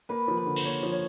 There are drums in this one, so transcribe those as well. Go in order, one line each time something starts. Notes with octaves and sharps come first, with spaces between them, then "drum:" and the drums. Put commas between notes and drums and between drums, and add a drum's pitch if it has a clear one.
A#3 B4
F3
B4
D3
C5, drum: cymbal
A#3 C#5
F3
C#5